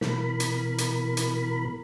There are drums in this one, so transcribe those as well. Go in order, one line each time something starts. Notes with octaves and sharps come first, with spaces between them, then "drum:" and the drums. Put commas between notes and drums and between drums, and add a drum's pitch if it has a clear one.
B2 E3 A#4 B5, drum: snare
drum: hi-hat
drum: hi-hat
drum: hi-hat